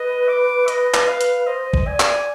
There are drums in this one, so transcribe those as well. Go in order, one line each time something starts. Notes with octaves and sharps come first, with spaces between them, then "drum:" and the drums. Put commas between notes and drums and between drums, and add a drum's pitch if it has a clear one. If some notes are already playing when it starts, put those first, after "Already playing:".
Already playing: B4 D#5
D6
D#5, drum: hi-hat
drum: clap
F5
drum: hi-hat
C5 D#5
drum: kick A1
D5 G#5
drum: clap